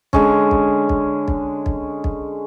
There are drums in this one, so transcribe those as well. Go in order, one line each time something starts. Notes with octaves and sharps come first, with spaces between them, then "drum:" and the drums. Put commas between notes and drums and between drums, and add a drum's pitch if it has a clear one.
D3 G#3 C#4, drum: kick
drum: kick
drum: kick
drum: kick
drum: kick
drum: kick